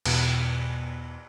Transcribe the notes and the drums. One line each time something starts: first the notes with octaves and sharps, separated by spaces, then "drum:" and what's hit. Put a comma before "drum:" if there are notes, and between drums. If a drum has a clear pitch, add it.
E2 B2, drum: cymbal